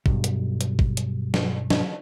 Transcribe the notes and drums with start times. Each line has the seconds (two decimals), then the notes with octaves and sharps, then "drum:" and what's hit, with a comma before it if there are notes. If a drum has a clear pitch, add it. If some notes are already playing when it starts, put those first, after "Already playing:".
0.06 B1 G2, drum: kick G#1
0.24 drum: hi-hat
0.61 drum: hi-hat
0.79 drum: kick G#1
0.97 drum: hi-hat
1.34 drum: snare
1.70 drum: snare